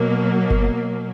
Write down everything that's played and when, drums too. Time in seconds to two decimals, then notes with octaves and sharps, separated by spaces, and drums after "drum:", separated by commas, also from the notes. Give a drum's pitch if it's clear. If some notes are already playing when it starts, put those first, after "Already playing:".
Already playing: B2 F#3 A#3
0.50 drum: kick G1